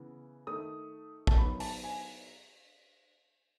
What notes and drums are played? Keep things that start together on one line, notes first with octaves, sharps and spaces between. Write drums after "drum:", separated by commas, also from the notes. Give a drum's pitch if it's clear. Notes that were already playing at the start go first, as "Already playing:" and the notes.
Already playing: C#3 E3 B3
D#3 A3 D#6
A5, drum: kick
D#3 F#3 B3 B5
A5, drum: open hi-hat
G#5